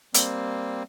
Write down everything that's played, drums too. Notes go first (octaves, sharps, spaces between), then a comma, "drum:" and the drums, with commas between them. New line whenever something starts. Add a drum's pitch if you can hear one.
G3 A#3 C4, drum: hi-hat